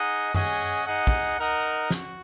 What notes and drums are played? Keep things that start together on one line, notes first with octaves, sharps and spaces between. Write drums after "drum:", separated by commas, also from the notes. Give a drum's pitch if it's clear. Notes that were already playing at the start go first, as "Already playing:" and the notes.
Already playing: D#4 G#4 D#5 F#5
C#4 G#4 D#5 F#5, drum: tom F#2
D#4 G#4 D#5 F#5
drum: kick
D#4 A#4 D#5 F#5
F#4, drum: snare